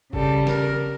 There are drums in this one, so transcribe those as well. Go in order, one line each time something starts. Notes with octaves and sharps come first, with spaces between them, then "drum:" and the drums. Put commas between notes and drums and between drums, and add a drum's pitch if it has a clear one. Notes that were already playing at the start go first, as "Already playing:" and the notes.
C#3 G3 A4, drum: kick G1
A#4, drum: snare